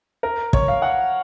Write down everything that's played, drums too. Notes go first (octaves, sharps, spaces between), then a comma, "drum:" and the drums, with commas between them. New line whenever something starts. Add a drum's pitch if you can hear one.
A#4
C#5, drum: kick
F5
F#5